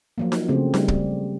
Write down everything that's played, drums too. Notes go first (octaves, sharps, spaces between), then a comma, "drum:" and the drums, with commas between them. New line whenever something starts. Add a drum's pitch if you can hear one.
F3 F#3 A#3
drum: snare D#4
C#3 A3 C4
G3, drum: snare D#4
drum: kick